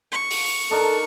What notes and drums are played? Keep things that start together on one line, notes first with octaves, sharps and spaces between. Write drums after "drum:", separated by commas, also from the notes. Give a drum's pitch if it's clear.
C#6
drum: open hi-hat
D4 D#4 A4 A#4